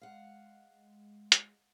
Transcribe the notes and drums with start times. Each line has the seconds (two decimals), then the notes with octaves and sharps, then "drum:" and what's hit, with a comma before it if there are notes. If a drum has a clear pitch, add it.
0.01 G#3 F5 F#5
1.32 drum: hi-hat